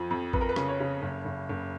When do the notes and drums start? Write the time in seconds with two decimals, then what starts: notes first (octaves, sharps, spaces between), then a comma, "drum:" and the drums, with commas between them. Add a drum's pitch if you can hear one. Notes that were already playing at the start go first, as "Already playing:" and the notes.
Already playing: F2 F3
0.10 F2
0.33 F2 B4, drum: kick A1
0.41 A#4
0.49 B4
0.56 C#3, drum: rim click
0.68 C#5
0.80 C#3
1.02 F#1
1.25 F#1
1.49 F#1